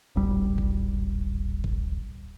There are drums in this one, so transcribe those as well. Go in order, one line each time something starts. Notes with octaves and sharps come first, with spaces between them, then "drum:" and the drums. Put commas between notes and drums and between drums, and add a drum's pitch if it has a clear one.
D1 G#1 G3
drum: kick A#1
drum: kick A#1